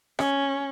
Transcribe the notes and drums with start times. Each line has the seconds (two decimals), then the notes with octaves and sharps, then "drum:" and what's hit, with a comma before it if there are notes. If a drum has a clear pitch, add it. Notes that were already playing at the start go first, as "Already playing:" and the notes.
0.19 C#4, drum: rim click